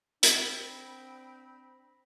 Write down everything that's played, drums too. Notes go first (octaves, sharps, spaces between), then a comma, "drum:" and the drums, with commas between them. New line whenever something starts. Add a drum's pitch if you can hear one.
C4 D4 B5 A#6 B6, drum: hi-hat